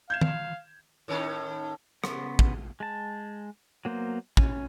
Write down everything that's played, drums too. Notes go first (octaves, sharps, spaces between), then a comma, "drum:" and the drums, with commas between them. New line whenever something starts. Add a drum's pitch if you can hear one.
F5 G6 G#6 E7
drum: tom D#3
A2 D#3 C#4
C#3 B3 C6 C#6, drum: rim click
drum: kick
G#3 A5
F#3 A#3 B3 C5
C#4, drum: kick